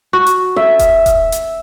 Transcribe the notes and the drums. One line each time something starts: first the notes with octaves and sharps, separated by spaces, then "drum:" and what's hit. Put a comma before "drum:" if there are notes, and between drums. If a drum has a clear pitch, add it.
F#4
drum: hi-hat
E5
drum: kick D#1, hi-hat
drum: kick D#1, hi-hat
drum: hi-hat